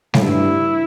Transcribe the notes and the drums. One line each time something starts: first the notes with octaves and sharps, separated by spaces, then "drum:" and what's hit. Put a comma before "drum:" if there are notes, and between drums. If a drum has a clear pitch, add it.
A2, drum: snare G3
G2 E4